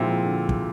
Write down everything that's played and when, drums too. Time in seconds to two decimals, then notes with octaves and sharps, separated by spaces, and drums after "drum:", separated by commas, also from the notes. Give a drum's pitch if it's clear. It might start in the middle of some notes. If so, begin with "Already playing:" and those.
Already playing: A#2 D3 F3 G#3 C4 E4
0.24 D3
0.49 drum: kick